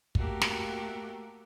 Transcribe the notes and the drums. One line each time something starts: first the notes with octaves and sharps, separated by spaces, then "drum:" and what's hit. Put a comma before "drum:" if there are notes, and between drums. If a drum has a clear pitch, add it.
A3 A#3 F#4 G4 A#4, drum: kick
drum: snare